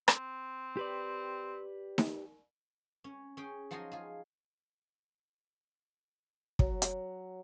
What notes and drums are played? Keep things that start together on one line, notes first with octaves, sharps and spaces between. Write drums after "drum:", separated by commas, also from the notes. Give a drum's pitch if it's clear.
C4, drum: rim click
G4 B4 D5
drum: snare D#4
C#4
C#4 G#4 G5
F3 F#3 D#4 F4 G#5 C6
F4 G#4
F#3, drum: kick
drum: hi-hat